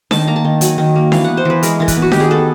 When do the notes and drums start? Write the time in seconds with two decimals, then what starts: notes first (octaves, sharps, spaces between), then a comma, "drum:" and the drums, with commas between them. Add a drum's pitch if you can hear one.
0.11 D#3 A5, drum: snare D4
0.27 A#3 A#5
0.36 A5
0.45 D#3
0.61 F#3 G#5, drum: hi-hat
0.78 D#3
0.96 A#3
1.12 E3 F5, drum: snare D4
1.24 B3 F#5
1.37 C5
1.45 E3 B4
1.63 G#3 A#4, drum: hi-hat
1.80 E3 A#4
1.88 B4, drum: kick, hi-hat
1.96 B3
2.02 F#4
2.12 D#3 G4, drum: snare D4
2.20 G#4
2.30 B3 A4